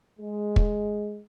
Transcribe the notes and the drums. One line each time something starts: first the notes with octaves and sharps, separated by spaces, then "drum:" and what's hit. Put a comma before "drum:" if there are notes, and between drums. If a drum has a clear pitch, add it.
G#3
drum: kick